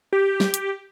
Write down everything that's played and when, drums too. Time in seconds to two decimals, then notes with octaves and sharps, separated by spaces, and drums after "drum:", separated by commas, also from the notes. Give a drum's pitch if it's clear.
0.13 G4
0.40 drum: snare
0.54 drum: hi-hat